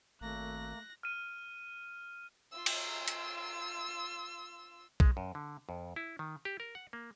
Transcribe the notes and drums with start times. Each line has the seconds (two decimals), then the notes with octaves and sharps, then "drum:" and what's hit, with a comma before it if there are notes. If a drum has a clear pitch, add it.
0.21 G#1 A3 A#3 F#6 A#6
1.03 F6 D#7
2.52 F4 E6
2.66 drum: cymbal
3.08 drum: hi-hat
5.00 G#3, drum: kick B1
5.17 F#2
5.35 D3
5.69 F2
5.96 E4
6.19 D#3
6.45 G4
6.60 A#4
6.75 F#5
6.93 A#3